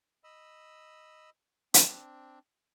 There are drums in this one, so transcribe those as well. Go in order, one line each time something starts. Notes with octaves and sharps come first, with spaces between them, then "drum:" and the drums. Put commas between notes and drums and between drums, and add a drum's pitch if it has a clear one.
D#5 B5 E6
C4 D4, drum: hi-hat